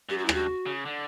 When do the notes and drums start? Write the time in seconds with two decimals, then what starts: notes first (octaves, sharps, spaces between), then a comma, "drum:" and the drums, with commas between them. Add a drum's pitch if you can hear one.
0.09 F#2 G4
0.18 F#4
0.26 E4
0.29 G2, drum: rim click
0.34 F#4
0.66 C#3
0.85 D3